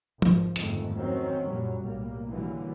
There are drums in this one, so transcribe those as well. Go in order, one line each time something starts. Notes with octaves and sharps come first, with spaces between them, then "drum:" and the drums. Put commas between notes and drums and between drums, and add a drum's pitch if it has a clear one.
G#1 F3, drum: tom
G1 F2 G#2 D#3 A3, drum: hi-hat
D#3 F#3 C4 C#4
F#2 A#2 F#3 G3
B1 A2 G3 A#3
D3 E3 F#3 G3 A#3